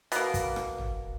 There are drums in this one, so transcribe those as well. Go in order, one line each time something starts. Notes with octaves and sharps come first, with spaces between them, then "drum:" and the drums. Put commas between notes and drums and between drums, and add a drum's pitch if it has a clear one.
B2 A#3, drum: hi-hat
drum: kick, hi-hat
drum: rim click
drum: tom